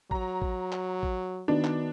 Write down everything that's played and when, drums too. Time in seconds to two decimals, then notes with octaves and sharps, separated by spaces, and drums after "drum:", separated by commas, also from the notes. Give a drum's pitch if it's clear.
0.11 F#3 A#5, drum: kick A1
0.42 drum: kick A1
0.72 drum: clap
1.03 drum: kick A1
1.48 D#3 B3 D4 F#4
1.64 drum: clap